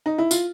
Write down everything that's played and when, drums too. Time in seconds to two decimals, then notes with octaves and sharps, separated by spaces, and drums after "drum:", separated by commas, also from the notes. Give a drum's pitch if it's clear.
0.06 D#4
0.18 E4
0.31 F4, drum: tambourine